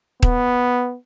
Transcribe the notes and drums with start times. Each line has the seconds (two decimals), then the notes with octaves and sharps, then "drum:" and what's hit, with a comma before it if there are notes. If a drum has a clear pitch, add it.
0.22 B3, drum: kick D#1